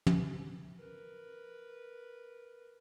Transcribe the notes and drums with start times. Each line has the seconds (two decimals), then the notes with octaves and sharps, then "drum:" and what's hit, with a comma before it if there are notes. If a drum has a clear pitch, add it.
0.07 drum: tom
0.78 A#4 B4